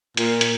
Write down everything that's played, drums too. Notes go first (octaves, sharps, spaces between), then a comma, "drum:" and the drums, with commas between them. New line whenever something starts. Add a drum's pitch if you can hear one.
A#2, drum: hi-hat
drum: hi-hat